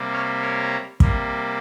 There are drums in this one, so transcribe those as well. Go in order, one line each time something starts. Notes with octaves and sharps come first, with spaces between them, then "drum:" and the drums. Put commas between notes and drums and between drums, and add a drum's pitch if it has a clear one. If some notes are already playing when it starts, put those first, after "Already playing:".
Already playing: C3 G3 A#3
C#5 F5
A#4 C#5
C3 G3 A#3, drum: kick